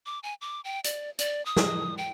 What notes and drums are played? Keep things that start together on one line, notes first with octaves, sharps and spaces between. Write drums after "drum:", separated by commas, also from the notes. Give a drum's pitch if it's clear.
D6
G#5
D6
G5
D5, drum: hi-hat
D5, drum: hi-hat
D#6
drum: snare
G5